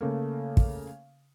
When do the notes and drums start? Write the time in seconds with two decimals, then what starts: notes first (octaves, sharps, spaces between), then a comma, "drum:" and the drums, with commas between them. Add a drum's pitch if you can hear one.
0.01 C#3 A3 A#3
0.57 drum: kick